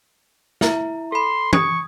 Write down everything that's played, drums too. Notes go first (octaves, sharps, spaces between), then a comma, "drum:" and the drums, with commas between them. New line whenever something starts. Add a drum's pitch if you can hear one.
E4 E5 A#5, drum: snare
A4 B5 C6
C#6 D#6 G#6, drum: tom